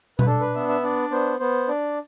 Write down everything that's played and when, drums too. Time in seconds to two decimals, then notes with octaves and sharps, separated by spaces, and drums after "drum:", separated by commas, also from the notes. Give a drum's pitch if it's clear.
0.19 B4, drum: tom B2
0.27 D4 A4
0.40 B4
0.55 B3 E5
0.68 E5
0.83 D4 D5
1.11 B3 C5
1.39 B3 C5
1.68 D4 D5